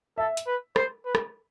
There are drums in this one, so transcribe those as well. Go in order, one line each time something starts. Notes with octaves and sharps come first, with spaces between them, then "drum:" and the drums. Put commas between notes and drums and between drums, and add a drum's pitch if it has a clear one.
A4 E5
drum: hi-hat
B4
C5, drum: rim click
B4
drum: rim click